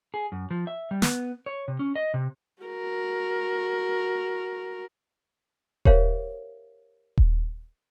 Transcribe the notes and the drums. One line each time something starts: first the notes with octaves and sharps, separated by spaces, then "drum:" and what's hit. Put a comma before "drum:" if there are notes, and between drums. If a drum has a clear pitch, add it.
G#4
F#2
F3
E5
G3
B3, drum: snare
C#5
C3
C#4
D#5
C3
F#4 A#4
G4 A#4 C5 C#5 E5 F5, drum: kick D#1
drum: kick D#1